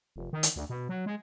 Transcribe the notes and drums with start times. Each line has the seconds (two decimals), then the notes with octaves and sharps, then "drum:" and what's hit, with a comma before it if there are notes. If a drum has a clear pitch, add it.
0.16 F1
0.33 D#3
0.43 drum: hi-hat
0.56 D2
0.70 B2
0.89 F#3
1.06 G#3